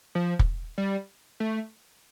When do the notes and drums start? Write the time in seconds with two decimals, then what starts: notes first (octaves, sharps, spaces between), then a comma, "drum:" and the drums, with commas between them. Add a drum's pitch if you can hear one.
0.15 F3
0.39 drum: kick
0.78 G3
1.40 A3